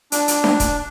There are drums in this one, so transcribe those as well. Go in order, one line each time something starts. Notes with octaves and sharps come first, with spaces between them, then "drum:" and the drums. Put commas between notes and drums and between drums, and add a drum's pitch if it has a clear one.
D4, drum: hi-hat
drum: hi-hat
drum: snare D4
drum: kick E1, hi-hat